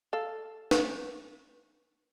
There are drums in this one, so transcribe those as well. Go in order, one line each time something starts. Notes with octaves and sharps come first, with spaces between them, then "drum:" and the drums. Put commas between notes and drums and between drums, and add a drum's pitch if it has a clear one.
A4 F5
drum: snare